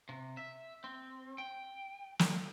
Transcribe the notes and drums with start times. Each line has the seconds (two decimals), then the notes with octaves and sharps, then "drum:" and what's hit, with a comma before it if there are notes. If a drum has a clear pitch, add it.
0.09 C3
0.37 E5
0.84 C4
1.38 G5
2.19 drum: snare